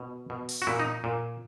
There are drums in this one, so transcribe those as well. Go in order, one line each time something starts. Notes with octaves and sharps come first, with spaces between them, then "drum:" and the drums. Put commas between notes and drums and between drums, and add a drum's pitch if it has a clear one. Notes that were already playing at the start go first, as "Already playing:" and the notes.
Already playing: B2
B2
drum: open hi-hat
F#4
A#2 E4
D#4
A#2